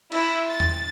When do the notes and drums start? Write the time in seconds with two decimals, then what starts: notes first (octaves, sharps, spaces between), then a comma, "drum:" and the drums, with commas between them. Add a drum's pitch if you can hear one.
0.12 E4, drum: cymbal
0.50 A6
0.60 drum: tom E2